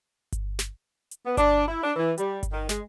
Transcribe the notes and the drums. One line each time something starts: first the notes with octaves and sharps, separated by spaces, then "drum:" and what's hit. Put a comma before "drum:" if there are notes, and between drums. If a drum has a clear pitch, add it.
drum: kick G1, hi-hat
drum: snare
drum: hi-hat
B3
D4, drum: kick G1, hi-hat
E4
D4
E3
G3, drum: hi-hat
drum: kick G1, hi-hat
D#3
G#3, drum: snare